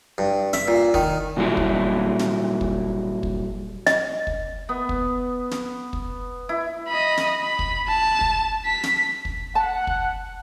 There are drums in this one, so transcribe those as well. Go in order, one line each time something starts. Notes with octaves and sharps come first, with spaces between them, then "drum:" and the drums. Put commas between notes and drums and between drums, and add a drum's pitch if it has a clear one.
G2
E5, drum: snare
A#2
D#3, drum: kick
A#2 F#3 G3 E4
drum: kick
drum: snare
drum: kick
drum: kick
D#5, drum: snare
drum: kick
B3
drum: kick
drum: snare
drum: kick
E4
D#5 B5
drum: snare
B5
drum: kick
A5
drum: kick
B6
drum: snare
drum: kick
F#5 A5
drum: kick